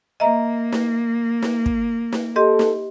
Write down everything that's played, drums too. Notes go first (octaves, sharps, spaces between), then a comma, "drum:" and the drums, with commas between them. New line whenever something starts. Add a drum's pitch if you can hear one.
A#3 D#5 E5 A#5
drum: snare
drum: snare
drum: kick
drum: snare
G4 A4 D#5 C6
drum: snare